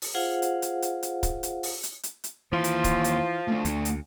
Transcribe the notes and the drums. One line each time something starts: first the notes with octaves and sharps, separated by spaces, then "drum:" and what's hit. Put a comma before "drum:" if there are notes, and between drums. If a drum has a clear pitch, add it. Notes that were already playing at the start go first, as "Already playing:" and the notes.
drum: open hi-hat
F4 G#4 C5 F5 F#5
drum: hi-hat
drum: hi-hat
drum: hi-hat
drum: hi-hat
drum: kick C#1, hi-hat
drum: hi-hat
drum: open hi-hat
drum: hi-hat
drum: hi-hat
drum: hi-hat
D#2 E3 F3 F4 C6
drum: hi-hat
drum: kick C#1, hi-hat
drum: hi-hat
A3 D4
D2, drum: hi-hat
drum: hi-hat